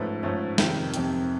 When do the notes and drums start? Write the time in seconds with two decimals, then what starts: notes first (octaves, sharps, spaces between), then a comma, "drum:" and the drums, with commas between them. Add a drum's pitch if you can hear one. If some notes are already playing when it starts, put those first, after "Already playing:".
Already playing: G#2 F3 A3 C#4 B4
0.23 G#2 F3 A3 C#4
0.58 F2 C3 D#3, drum: snare
0.94 F2 C3 D#3, drum: hi-hat